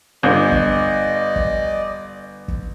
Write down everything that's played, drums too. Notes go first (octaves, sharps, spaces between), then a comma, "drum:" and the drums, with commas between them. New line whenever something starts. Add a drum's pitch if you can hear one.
G1 D5 D#5
drum: kick
drum: kick
drum: kick